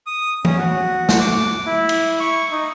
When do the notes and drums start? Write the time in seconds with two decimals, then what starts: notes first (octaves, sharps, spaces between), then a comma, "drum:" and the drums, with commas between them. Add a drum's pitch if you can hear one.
0.07 D#6
0.45 C#4, drum: tom E3
0.58 F#4
1.09 drum: snare
1.20 D6
1.66 E4
1.89 drum: cymbal
2.20 C#6
2.51 D#4